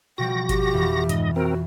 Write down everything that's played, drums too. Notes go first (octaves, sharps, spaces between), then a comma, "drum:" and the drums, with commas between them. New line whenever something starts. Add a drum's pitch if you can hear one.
B2 F3 G3 F#4 G5 A#6
G4, drum: kick G1, hi-hat
F2 E3
G#2 D#5, drum: hi-hat
C4 F#4 A#4